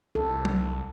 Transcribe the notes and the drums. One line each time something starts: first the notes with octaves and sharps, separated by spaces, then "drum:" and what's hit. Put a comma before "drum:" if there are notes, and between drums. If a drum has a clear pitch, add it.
C2 A4
drum: tom F#3